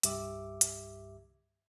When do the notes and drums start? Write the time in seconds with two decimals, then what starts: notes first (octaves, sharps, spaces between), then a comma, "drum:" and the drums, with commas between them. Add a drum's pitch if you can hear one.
0.03 C2 G2 G4 E5 D6, drum: hi-hat
0.61 drum: hi-hat